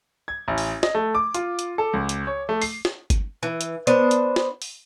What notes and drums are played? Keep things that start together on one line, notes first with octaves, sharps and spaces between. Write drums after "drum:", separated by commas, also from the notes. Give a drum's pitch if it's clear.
G#6
A1
drum: open hi-hat
D#5, drum: snare
A3
D6
F4, drum: hi-hat
drum: hi-hat
A4
C#2
drum: hi-hat
C#5
A3
C7, drum: open hi-hat
drum: snare
drum: kick G1, hi-hat
E3
drum: hi-hat
B3 D4 C5 D#5, drum: hi-hat
drum: hi-hat
drum: snare
drum: open hi-hat